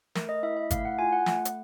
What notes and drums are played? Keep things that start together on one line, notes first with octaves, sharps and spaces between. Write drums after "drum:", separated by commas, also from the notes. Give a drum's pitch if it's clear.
A3 A#4, drum: snare
D#5
E4 E5
E5
A3 F5, drum: kick G1, hi-hat
F#5
F4 G#5
F#5
A3, drum: snare
drum: hi-hat